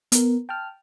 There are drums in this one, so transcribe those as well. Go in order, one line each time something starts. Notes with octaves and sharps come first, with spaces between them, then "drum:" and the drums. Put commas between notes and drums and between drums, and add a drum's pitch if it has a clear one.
B3 A#4, drum: hi-hat
G5 A5 F6